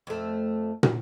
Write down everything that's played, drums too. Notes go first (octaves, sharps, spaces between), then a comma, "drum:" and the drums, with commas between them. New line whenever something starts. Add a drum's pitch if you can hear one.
F2 A3
drum: tom